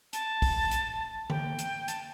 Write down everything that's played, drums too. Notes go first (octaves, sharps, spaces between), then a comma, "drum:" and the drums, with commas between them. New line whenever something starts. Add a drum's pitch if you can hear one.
A5, drum: hi-hat
drum: kick, open hi-hat
drum: hi-hat
G5, drum: tom D3
drum: hi-hat
A5, drum: hi-hat